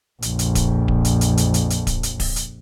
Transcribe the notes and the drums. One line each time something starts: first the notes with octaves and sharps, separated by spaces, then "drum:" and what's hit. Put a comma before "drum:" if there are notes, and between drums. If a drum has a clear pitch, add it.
A#1 F2, drum: hi-hat
drum: hi-hat
drum: kick D1, hi-hat
drum: kick D1
drum: hi-hat
drum: hi-hat
drum: hi-hat
drum: hi-hat
drum: hi-hat
drum: kick D1, hi-hat
drum: hi-hat
drum: kick D1, open hi-hat
drum: hi-hat